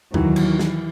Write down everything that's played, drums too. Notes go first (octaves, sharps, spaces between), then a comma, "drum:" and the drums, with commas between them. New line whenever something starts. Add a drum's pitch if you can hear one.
D#2 D#3 E3 F#3, drum: tom F2
drum: cymbal
E3, drum: snare